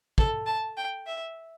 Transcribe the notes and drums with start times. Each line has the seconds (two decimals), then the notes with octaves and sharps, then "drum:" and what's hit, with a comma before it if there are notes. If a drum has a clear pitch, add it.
0.18 A4, drum: kick
0.46 A5
0.77 G5
1.06 E5